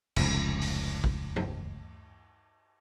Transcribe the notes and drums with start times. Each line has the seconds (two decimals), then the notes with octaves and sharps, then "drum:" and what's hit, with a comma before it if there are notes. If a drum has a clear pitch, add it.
0.16 F1 C#2, drum: cymbal
0.61 drum: open hi-hat
1.04 drum: kick
1.36 drum: tom G2